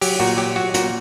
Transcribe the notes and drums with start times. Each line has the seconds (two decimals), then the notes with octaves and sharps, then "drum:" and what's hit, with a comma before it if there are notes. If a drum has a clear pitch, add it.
0.01 F#3 G4, drum: open hi-hat
0.20 A#2 F#4
0.37 F#3 G4
0.56 F#3 F#4
0.74 A#2 F#4, drum: hi-hat